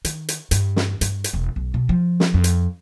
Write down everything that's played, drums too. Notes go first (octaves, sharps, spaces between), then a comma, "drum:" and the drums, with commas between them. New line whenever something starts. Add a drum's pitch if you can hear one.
D#3, drum: hi-hat
drum: hi-hat
G2, drum: hi-hat
drum: snare
G2, drum: hi-hat
drum: hi-hat
E1
B1
B2
F3
drum: snare
F2
drum: hi-hat